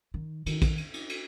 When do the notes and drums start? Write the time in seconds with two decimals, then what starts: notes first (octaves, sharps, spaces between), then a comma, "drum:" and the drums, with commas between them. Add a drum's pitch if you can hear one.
0.14 D#3
0.46 D#3, drum: cymbal
0.62 drum: kick, cymbal
0.78 drum: cymbal
0.93 drum: cymbal
1.09 drum: cymbal